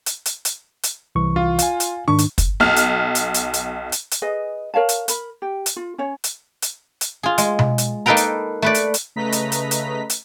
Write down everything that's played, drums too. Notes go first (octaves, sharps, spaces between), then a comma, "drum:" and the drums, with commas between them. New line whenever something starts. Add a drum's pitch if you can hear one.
drum: hi-hat
drum: hi-hat
drum: hi-hat
drum: hi-hat
C2 E3 C#6
F4
F5 G#5, drum: hi-hat
drum: hi-hat
G#2 D#3 D4 C#6
drum: hi-hat
drum: kick, hi-hat
B1 F6
drum: hi-hat
drum: hi-hat
drum: hi-hat
drum: hi-hat
drum: hi-hat
drum: hi-hat
G#4 B4 D#5
A#4 C#5 F5 A5
drum: hi-hat
A#4 B5, drum: hi-hat
G4
drum: hi-hat
F4
C#4 C#5
drum: hi-hat
drum: hi-hat
drum: hi-hat
F4 G#4
G#3, drum: hi-hat
drum: tom B2
drum: hi-hat
A#3 D#4 A4 B4 G5 A#5
drum: hi-hat
A3 B4 D5
drum: hi-hat
drum: hi-hat
C#3 A3 B4 D#5 A#5 B6
drum: hi-hat
drum: hi-hat
drum: hi-hat
drum: hi-hat